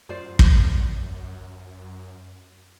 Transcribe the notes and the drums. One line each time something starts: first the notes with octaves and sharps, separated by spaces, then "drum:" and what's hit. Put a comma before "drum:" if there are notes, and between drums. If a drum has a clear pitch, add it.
F#2 F4 C5 D5
drum: kick